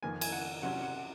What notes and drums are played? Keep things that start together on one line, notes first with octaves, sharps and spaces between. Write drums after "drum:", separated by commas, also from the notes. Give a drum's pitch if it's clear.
F2 D#3 A#3 G#5
G#5, drum: cymbal
F#5
C3 F#3 C#4 F#5
F#5